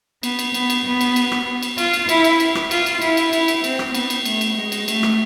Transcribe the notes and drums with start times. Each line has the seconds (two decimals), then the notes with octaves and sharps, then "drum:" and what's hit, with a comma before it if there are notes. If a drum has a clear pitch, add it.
0.23 B3, drum: cymbal
0.39 drum: cymbal
0.54 B3, drum: cymbal
0.70 drum: cymbal
0.85 B3
1.01 drum: cymbal
1.16 drum: cymbal
1.32 drum: rim click
1.63 drum: cymbal
1.78 F4, drum: cymbal
1.93 drum: cymbal
2.09 E4, drum: cymbal
2.24 drum: cymbal
2.40 drum: cymbal
2.55 drum: rim click
2.71 F4, drum: cymbal
2.86 drum: cymbal
3.02 E4, drum: cymbal
3.17 drum: cymbal
3.33 E4, drum: cymbal
3.48 drum: cymbal
3.64 C4, drum: cymbal
3.79 drum: rim click
3.95 B3, drum: cymbal
4.10 drum: cymbal
4.25 A3, drum: cymbal
4.41 drum: cymbal
4.57 G#3
4.72 drum: cymbal
4.88 A3, drum: cymbal
5.03 drum: rim click